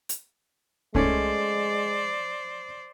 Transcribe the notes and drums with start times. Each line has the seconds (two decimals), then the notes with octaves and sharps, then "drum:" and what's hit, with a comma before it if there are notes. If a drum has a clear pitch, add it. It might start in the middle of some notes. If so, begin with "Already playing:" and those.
0.09 drum: hi-hat
0.95 G#3 A3 C#4 C5 D5, drum: kick C2